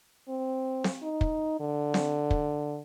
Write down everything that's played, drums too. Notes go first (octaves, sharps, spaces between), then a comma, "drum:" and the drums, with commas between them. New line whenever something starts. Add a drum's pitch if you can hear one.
C4
drum: snare C4
D#4
drum: kick
D3
drum: snare C4
drum: kick